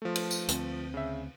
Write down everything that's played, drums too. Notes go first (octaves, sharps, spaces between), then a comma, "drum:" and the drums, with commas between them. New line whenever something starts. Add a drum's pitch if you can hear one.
F3 A3
drum: cymbal
drum: tambourine
D2 C4, drum: hi-hat
C#3 E5